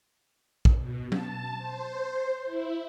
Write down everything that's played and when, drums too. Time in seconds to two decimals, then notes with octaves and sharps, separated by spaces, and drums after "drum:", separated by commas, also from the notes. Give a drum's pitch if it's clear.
0.65 drum: kick A#1
0.78 B2
1.12 A5, drum: tom F#3
1.58 C5
2.45 E4